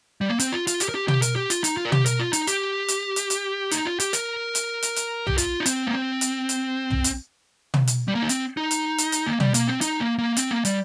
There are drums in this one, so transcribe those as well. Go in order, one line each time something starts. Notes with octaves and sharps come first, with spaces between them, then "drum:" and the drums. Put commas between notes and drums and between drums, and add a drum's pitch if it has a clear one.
G3
A#3
C4, drum: hi-hat
F4
F4, drum: hi-hat
G4, drum: hi-hat
A#4
G4
G4, drum: tom
A#4, drum: hi-hat
G4
F4, drum: hi-hat
D#4, drum: hi-hat
F4
A#4
G4, drum: tom
A#4, drum: hi-hat
F4
D#4, drum: hi-hat
G4, drum: hi-hat
drum: hi-hat
drum: hi-hat
drum: hi-hat
D#4, drum: hi-hat
F4
G4, drum: hi-hat
A#4, drum: hi-hat
drum: hi-hat
drum: hi-hat
drum: hi-hat
G4, drum: tom
F4, drum: hi-hat
D#4
C4, drum: hi-hat
A#3
C4
drum: hi-hat
drum: hi-hat
drum: tom
drum: hi-hat
drum: tom
drum: hi-hat
G3
A#3
D#4
C4, drum: hi-hat
D#4
drum: hi-hat
drum: hi-hat
drum: hi-hat
A#3
G3, drum: tom
A#3, drum: hi-hat
C4
D#4, drum: hi-hat
A#3
A#3
C4, drum: hi-hat
A#3
G3, drum: hi-hat